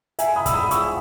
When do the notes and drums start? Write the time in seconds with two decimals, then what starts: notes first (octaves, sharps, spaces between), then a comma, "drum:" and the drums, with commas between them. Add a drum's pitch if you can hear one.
0.19 E5 G#5, drum: hi-hat
0.36 B5 D#6
0.46 E6, drum: kick, hi-hat
0.53 B5 D#6
0.71 C#6 E6, drum: hi-hat